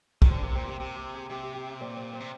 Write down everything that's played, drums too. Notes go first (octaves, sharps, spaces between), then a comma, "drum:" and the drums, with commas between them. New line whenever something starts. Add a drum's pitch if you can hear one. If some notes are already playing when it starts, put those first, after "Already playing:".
D#3, drum: kick
D3 C4
C3 A#3
A#2 C4
C3 G4
C3 G4
G4
G#4
C3 G4
G4
G4
A#2 C4
C4
C4
C3